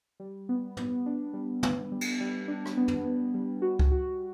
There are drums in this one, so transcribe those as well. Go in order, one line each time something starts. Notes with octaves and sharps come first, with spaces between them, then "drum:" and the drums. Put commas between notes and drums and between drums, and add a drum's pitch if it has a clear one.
G3
B3
B3, drum: tom
D4
G3
B3, drum: tom
G3
drum: cymbal
G3
D4
drum: rim click
B3
drum: tom
B3
G3
F#4
drum: kick C#2
F#4